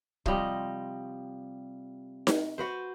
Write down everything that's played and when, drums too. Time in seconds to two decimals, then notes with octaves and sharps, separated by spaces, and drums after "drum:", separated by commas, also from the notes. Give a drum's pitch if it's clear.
0.26 C3 F3 G3 D#5, drum: kick
2.27 drum: snare D#4
2.58 F#4 B4 C5